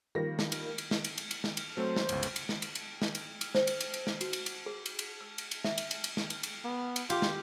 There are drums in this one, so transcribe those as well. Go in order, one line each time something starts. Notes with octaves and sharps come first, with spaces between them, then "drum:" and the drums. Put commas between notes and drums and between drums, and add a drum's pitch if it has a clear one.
D#3 F3 G3 A#3 A#6
drum: snare
drum: cymbal
drum: cymbal
drum: snare
drum: cymbal
drum: cymbal
drum: cymbal
drum: snare
drum: cymbal
F#3 A3 C4 C5
drum: snare
G1 C#2, drum: cymbal
drum: cymbal
drum: cymbal
drum: snare
drum: cymbal
drum: cymbal
drum: snare
drum: cymbal
drum: cymbal
C5, drum: snare
drum: cymbal
drum: cymbal
drum: cymbal
drum: snare
F#4, drum: cymbal
drum: cymbal
drum: cymbal
G#4
drum: cymbal
drum: cymbal
E6
drum: cymbal
drum: cymbal
E5, drum: snare
drum: cymbal
drum: cymbal
drum: cymbal
drum: snare
drum: cymbal
drum: cymbal
B3
drum: cymbal
F4 G4, drum: cymbal
drum: snare